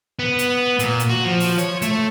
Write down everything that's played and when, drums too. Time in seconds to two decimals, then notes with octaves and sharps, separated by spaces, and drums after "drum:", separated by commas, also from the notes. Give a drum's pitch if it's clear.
0.19 B3
0.39 drum: hi-hat
0.79 A#2, drum: hi-hat
1.00 drum: hi-hat
1.10 F#4
1.24 F3
1.40 drum: open hi-hat
1.58 C#5, drum: hi-hat
1.82 A3, drum: hi-hat